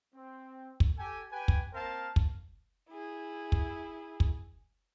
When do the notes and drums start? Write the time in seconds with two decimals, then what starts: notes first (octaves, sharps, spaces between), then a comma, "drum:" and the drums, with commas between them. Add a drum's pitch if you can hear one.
0.15 C4
0.80 drum: kick
0.97 G4 A4 G#5
1.32 G4 B4 G5 G#5
1.48 drum: kick
1.74 A#3 C4 A#4 C5 F5 A5
2.16 drum: kick
2.90 E4 G#4
3.52 drum: kick
4.20 drum: kick